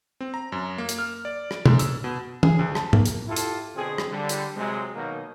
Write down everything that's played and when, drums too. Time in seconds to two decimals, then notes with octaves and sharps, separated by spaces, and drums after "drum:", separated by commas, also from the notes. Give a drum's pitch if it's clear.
0.20 C4
0.34 A#5
0.52 F#2
0.78 A#3
0.89 drum: hi-hat
0.99 F6
1.25 D5
1.51 drum: rim click
1.66 F#2, drum: tom
1.79 E6, drum: hi-hat
2.04 B2
2.43 G#4, drum: tom
2.59 D2
2.75 A5, drum: rim click
2.93 A#3, drum: tom G#2
3.06 drum: hi-hat
3.27 E4 F4 G4 A4
3.36 drum: hi-hat
3.76 B2 D3 C4 G#4
3.98 drum: rim click
4.10 D3 G3
4.29 drum: hi-hat
4.56 C3 F#3 G#3
4.95 B2 D#3 F#3 A#3 D#4